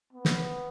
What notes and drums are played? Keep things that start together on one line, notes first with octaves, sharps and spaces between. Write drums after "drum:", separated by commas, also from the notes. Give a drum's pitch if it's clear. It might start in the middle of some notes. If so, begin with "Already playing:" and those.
B3
drum: snare